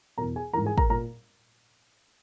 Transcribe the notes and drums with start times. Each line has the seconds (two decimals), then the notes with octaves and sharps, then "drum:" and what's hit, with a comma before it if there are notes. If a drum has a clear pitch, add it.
0.18 E2 B2 A#4 A#5
0.36 G#4 G#5
0.53 G#2 E3 A#4 A#5
0.66 G#4 G#5
0.78 A#4 A#5, drum: kick
0.90 A#2 A#4 A#5